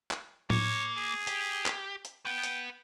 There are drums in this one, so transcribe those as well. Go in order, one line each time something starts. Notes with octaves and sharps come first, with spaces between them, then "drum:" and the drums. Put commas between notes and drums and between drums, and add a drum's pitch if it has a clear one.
drum: clap
A#3 C#5, drum: tom A2
G#4
G4, drum: hi-hat
drum: clap
drum: hi-hat
B4 F#5 G5
drum: hi-hat